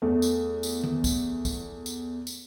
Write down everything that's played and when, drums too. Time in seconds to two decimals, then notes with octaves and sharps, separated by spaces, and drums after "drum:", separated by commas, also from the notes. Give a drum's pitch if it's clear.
0.02 E2 A3
0.22 drum: tambourine
0.63 drum: tambourine
0.84 drum: tom D#3
1.04 drum: kick, tambourine
1.45 drum: kick, tambourine
1.86 drum: tambourine
2.27 drum: tambourine